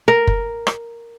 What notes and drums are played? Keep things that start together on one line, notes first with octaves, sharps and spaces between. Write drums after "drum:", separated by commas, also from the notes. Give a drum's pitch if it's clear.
A#4
drum: kick
drum: rim click